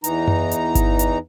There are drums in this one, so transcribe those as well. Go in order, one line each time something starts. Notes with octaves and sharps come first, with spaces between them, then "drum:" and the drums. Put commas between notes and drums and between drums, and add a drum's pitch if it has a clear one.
E2 E3 D#4 A#5, drum: hi-hat
drum: tom F#2
drum: hi-hat
drum: kick G1, hi-hat
drum: hi-hat